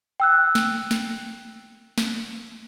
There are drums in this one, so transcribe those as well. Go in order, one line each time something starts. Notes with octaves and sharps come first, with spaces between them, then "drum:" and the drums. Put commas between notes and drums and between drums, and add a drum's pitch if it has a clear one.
G5 E6 F#6
drum: snare
drum: snare
drum: snare